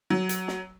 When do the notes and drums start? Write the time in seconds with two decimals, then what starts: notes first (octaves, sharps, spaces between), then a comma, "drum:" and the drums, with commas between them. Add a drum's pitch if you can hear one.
0.10 F#3
0.29 drum: hi-hat
0.48 drum: snare